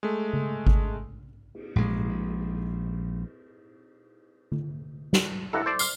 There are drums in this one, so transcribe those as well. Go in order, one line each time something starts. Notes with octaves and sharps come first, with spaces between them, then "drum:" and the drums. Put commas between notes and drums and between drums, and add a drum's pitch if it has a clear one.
G#3 A3
drum: tom C#3
drum: kick G#1
drum: cymbal
A#1 G#3, drum: tom A#2
drum: tom D3
drum: snare
G2 E4 A4 F#5 A#5
C5 D5
F6 C7, drum: tambourine